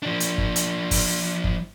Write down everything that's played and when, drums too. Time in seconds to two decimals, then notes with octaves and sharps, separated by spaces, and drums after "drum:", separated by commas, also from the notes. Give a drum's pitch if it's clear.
0.03 F3 D4
0.20 drum: hi-hat
0.38 drum: kick
0.56 drum: hi-hat
0.91 drum: kick, open hi-hat
1.44 drum: kick